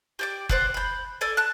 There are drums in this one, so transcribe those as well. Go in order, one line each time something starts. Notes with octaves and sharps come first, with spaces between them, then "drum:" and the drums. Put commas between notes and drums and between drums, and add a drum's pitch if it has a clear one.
G4 D5 D6
C5 D5 F#5, drum: kick F#1
B5 G6
A4 D5 G#5
A5 F#6